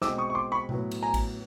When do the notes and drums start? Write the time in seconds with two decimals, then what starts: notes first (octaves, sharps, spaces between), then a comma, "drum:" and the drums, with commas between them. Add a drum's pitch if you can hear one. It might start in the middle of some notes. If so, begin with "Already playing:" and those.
0.02 B2 G#3 C4 D6 E6, drum: snare
0.18 C#6 D#6
0.30 C#6
0.35 C6 D6
0.52 B5 C#6
0.69 A2 F#3 B3, drum: tom B2
0.91 drum: cymbal
1.03 G#5 A#5
1.14 drum: kick, cymbal